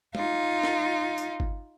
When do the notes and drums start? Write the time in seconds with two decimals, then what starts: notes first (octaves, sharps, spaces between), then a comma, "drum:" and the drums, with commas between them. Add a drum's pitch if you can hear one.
0.15 D#4 F4, drum: tom
0.64 drum: snare
1.18 drum: tambourine
1.40 drum: kick G1